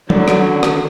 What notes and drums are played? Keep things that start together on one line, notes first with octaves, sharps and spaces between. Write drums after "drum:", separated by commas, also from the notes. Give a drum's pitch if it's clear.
D3 D#3 F#3 D5, drum: tom F#3
drum: rim click
drum: rim click